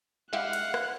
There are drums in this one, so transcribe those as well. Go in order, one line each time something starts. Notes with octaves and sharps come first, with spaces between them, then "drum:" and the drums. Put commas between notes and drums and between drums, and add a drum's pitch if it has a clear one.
G#3 E4 G4 F5 F#5 F#6
drum: cymbal
drum: rim click